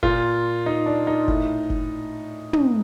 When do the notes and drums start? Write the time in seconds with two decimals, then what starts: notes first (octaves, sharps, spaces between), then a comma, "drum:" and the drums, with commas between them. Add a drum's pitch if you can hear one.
0.03 A#2 F4, drum: kick F#1
0.66 D#4
0.86 D4
1.07 D#4
1.28 A2, drum: kick F#1
1.70 drum: kick F#1
2.53 drum: tom